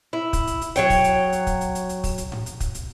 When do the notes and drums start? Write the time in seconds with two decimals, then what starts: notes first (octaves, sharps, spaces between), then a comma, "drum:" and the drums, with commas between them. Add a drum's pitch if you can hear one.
0.13 E4
0.33 drum: kick, hi-hat
0.47 drum: hi-hat
0.61 drum: hi-hat
0.76 F#3 C#5 G5, drum: hi-hat
0.90 drum: kick, open hi-hat
1.04 drum: hi-hat
1.33 drum: hi-hat
1.47 drum: kick, hi-hat
1.61 drum: hi-hat
1.75 drum: hi-hat
1.89 drum: hi-hat
2.04 drum: kick, open hi-hat
2.18 drum: hi-hat
2.32 drum: tom G#2
2.46 drum: hi-hat
2.60 drum: kick, hi-hat
2.75 drum: hi-hat